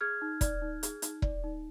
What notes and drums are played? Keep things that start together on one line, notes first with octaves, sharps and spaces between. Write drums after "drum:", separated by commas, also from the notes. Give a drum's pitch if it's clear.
G#4 F6 G#6
D#4
D5, drum: kick E1, hi-hat
D#4
G#4, drum: hi-hat
D#4, drum: hi-hat
D5, drum: kick E1
D#4